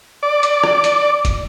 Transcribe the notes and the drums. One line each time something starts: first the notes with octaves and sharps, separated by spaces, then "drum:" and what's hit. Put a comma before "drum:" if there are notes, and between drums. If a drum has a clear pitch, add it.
D5
drum: hi-hat
drum: rim click
drum: hi-hat
drum: kick, hi-hat